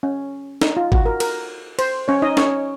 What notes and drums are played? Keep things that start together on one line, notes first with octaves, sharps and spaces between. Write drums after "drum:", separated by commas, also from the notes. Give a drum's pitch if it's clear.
C#4
D#4, drum: snare
F4
F#4, drum: kick G#1
A#4
A#4, drum: cymbal
C5, drum: cymbal
C#4 C#5
D#4 D#5
C#4 C#5, drum: snare